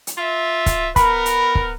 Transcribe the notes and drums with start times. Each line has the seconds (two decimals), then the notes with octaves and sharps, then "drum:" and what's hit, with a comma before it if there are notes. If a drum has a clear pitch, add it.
0.07 drum: hi-hat
0.18 F4 E5
0.66 drum: kick, hi-hat
0.96 B3 A#4 B5, drum: kick, hi-hat
1.26 drum: hi-hat
1.55 drum: kick